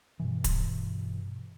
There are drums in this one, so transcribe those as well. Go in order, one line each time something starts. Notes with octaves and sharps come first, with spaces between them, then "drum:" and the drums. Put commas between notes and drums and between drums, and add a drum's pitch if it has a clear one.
G2 B2 E3
drum: kick, hi-hat